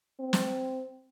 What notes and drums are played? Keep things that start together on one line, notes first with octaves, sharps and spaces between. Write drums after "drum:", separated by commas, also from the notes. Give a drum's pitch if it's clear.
C4
drum: snare